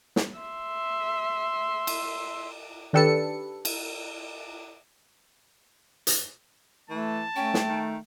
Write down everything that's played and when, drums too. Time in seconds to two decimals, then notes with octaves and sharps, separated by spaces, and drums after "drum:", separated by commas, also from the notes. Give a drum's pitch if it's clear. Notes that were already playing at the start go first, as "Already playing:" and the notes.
0.16 drum: snare
0.39 E5 C6
1.87 drum: cymbal
2.93 D#3 D4 G4 A4 B4 C#7
3.65 drum: cymbal
6.07 drum: hi-hat
6.90 E3 A3 A5
7.36 A3 C#4 G5
7.54 drum: snare
7.69 D#3